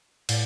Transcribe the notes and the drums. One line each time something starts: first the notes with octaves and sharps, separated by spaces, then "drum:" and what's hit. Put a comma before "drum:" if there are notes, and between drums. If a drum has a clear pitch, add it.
A2, drum: cymbal